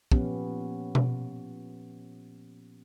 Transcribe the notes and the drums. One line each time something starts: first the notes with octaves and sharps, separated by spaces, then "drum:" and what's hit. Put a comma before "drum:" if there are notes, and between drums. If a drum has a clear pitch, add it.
A#2 F3 B3 C#4 G4, drum: kick
drum: tom B2